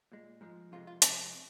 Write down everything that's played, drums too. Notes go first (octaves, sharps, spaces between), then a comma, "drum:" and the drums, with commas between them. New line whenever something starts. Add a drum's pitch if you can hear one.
A#2 G#3
G#2 F3 G#3
F2 C3 G#3 F4
F4
F2 C3 G#3 C4, drum: hi-hat